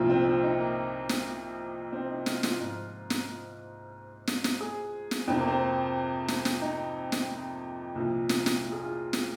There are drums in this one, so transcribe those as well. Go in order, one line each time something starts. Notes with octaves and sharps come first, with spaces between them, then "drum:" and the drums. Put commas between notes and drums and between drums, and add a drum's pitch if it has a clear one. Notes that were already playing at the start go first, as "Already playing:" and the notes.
Already playing: C2 A#2 F3 F4
C4
C4
D#4
A#3
drum: snare
C4
D#4
F4, drum: snare
F4, drum: snare
G#2 F3 F4
drum: snare
drum: snare
drum: snare
G#4
drum: snare
F2 C3 F3 C4
A#3
C4
drum: snare
drum: snare
D#4
drum: snare
C2 A#2 F3
drum: snare
drum: snare
F4
G#4
F4
drum: snare